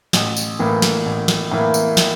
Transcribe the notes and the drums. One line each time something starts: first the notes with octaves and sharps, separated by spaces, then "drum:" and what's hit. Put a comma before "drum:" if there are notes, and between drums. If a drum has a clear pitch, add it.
A1, drum: snare
drum: tambourine
A2 E3 A#3
drum: snare
A1
drum: snare
A2 E3 A#3
drum: tambourine
drum: snare